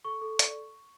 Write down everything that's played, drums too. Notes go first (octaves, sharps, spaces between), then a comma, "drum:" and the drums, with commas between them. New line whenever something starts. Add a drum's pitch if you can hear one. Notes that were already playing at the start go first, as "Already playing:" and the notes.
A4 C#6
A4
D5, drum: hi-hat